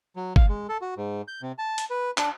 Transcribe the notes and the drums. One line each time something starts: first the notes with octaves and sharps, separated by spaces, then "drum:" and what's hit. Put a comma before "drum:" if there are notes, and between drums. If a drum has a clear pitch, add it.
F#3
F5, drum: kick G1
G#3
A4
F#4
G#2
G6
C3
A5
drum: hi-hat
B4
D4, drum: clap